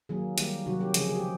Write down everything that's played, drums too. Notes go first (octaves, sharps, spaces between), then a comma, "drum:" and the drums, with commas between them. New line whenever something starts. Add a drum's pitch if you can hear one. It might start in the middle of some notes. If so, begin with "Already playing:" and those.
D#3 F#3 A#3 G#4
D#3 G3 A#3 G4, drum: hi-hat
C3 D#3 F#3 F#4
G4
C#3 F3 G#3 G#4, drum: hi-hat
G#4
G4